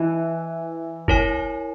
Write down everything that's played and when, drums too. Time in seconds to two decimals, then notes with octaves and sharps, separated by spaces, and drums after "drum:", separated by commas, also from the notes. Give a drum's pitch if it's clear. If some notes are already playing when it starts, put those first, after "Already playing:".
Already playing: E3 E4 D#5
1.08 E4 A#4 C#5 G#5, drum: kick